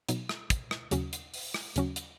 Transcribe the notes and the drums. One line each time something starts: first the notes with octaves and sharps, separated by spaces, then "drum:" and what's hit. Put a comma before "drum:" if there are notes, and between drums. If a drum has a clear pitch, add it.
B2 F#3 B3 D#4, drum: hi-hat
drum: rim click
drum: kick, hi-hat
drum: rim click
D#2 C#3 F#3 C#4 F#4, drum: hi-hat
drum: hi-hat
drum: open hi-hat
drum: rim click
D#2 C#3 F#3 C#4 F#4, drum: hi-hat
drum: hi-hat